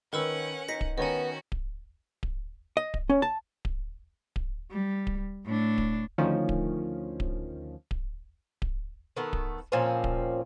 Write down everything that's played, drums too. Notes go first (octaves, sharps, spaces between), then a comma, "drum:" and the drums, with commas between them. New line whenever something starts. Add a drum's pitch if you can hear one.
D#3 C#4 A#4 B4 F#5 B5 E6
D#4 A#6 B6 C#7
drum: kick D1
D#3 B3 C#4 F#4 C#5 D#5 G#5 A#5
drum: kick D1
drum: kick D1
D#5
drum: kick D1
C#4
A5
drum: kick D1
drum: kick D1
G3
drum: kick D1
A2 D4
drum: kick D1
D2 D#3 F3 C#4
drum: kick D1
drum: kick D1
drum: kick D1
drum: kick D1
D#3 A3 B3
drum: kick D1
A#2 F3 C4 C#4
drum: kick D1